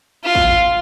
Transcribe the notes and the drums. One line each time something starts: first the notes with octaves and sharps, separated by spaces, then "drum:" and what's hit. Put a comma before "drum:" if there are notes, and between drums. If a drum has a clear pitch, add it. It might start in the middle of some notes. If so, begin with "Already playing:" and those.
F4
drum: kick